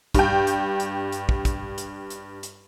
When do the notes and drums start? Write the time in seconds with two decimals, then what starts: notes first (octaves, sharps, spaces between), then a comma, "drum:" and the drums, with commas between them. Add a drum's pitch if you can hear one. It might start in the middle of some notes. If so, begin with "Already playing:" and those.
0.14 G2 G5, drum: kick, hi-hat
0.47 drum: hi-hat
0.80 drum: hi-hat
1.12 drum: hi-hat
1.29 drum: kick
1.45 drum: kick, hi-hat
1.78 drum: hi-hat
2.10 drum: hi-hat
2.43 drum: hi-hat